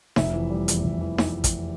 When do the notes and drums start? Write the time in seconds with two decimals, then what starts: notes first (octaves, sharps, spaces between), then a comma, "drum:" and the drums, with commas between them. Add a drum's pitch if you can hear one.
0.16 F1 E5, drum: snare D#4
0.33 E3
0.50 G3
0.68 E2, drum: hi-hat
0.84 F1
1.01 E3
1.18 drum: snare D#4
1.44 drum: kick, hi-hat